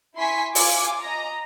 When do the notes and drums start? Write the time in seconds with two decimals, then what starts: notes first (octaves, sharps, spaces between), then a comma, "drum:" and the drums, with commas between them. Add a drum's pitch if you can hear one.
0.16 E4 G#5 C6 C#6 B6
0.55 F4 G#5 D6, drum: open hi-hat
1.02 D#5 A#5